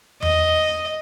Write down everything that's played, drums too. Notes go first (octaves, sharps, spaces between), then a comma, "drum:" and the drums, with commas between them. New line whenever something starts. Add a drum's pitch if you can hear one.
D#5, drum: tom E2